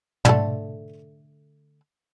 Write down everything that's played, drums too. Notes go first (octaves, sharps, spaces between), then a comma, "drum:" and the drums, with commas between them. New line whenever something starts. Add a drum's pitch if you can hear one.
D3 A3, drum: tom